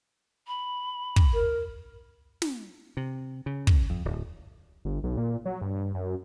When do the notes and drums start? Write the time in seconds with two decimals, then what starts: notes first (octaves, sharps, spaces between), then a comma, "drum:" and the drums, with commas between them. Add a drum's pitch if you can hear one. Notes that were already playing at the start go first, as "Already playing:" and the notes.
0.47 B5
1.16 drum: kick
1.34 A#4
2.42 drum: snare
2.97 C3
3.46 C#3
3.67 drum: kick
3.90 F2
4.05 D1
4.85 G1
5.04 B1
5.17 A#2
5.45 F#3
5.61 G2
5.94 F#2